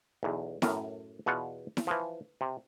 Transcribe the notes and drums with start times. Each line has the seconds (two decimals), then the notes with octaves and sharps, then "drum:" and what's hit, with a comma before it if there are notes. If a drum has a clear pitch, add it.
0.23 B1 E2
0.62 F#2 A2 A#4, drum: snare E4
1.26 E2 B2 F4 F#5
1.77 drum: snare E4
1.87 E3 F3
2.41 C3